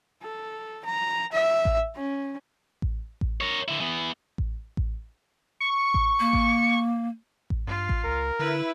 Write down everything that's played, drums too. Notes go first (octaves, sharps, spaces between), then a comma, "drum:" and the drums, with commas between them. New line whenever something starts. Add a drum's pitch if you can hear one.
A4
A#5
E5
drum: kick A1
C#4
drum: kick A1
drum: kick A1
A#4 C#5
D3 E4
E3 B3
drum: kick A1
drum: kick A1
C#6
drum: kick A1
A#3
drum: kick A1
drum: kick A1
G2 F4
drum: kick A1
C#2 A#4
D3 E4 B4